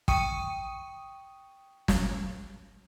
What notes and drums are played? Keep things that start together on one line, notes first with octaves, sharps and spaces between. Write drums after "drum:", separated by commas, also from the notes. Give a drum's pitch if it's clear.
G5 C#6 D#6 C#7 D#7, drum: kick
drum: snare